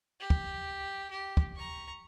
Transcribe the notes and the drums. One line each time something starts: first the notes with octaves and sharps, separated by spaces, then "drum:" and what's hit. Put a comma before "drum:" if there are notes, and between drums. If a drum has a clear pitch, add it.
G4
drum: kick
G4
drum: kick
A#5 C#6